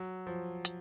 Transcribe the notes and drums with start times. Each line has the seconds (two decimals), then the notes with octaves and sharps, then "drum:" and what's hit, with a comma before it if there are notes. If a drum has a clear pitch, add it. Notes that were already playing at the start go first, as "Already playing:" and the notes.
Already playing: F#3
0.27 F3
0.65 drum: hi-hat